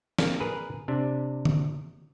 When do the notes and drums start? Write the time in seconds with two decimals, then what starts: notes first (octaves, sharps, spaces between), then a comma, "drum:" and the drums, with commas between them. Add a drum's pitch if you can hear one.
0.19 A#3, drum: snare
0.40 G#4 A#4 B4
0.88 C3 D4
1.45 drum: tom